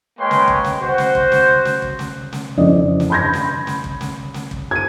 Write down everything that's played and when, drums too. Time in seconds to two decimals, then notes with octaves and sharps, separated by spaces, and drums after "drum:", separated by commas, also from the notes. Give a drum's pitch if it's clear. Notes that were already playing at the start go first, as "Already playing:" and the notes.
0.19 G#3 A#3 B4 C#5 G5 C6
0.31 drum: snare
0.48 drum: kick
0.64 drum: snare
0.81 F#4 C5
0.98 drum: snare
1.15 drum: kick
1.32 drum: snare
1.65 drum: snare
1.82 drum: kick
1.99 drum: snare
2.33 drum: snare
2.58 F2 C#3 E3 D5 D#5
3.00 drum: snare
3.10 B5 C6 G6 G#6 A#6
3.33 drum: snare
3.67 drum: snare
3.84 drum: kick
4.01 drum: snare
4.34 drum: snare
4.51 drum: kick
4.71 G#6 D#7